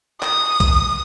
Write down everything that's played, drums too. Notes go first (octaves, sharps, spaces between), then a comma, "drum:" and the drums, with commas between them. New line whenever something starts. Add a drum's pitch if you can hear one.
D#6, drum: clap
drum: kick, hi-hat